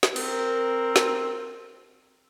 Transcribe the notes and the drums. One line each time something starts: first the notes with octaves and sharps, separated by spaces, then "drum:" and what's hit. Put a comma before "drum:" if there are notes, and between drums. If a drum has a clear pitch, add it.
drum: snare
C4 A#4, drum: cymbal
drum: snare